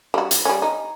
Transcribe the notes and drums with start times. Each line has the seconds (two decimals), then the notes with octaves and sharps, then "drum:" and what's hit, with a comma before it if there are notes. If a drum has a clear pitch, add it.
0.14 G3 F#4
0.31 drum: hi-hat
0.45 G3 C#4
0.62 D#4